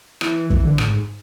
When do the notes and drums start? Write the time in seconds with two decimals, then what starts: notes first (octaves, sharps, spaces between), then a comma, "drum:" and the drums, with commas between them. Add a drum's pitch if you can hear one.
0.21 E3, drum: rim click
0.50 E3, drum: kick
0.65 D3
0.78 A2, drum: rim click
0.88 G#2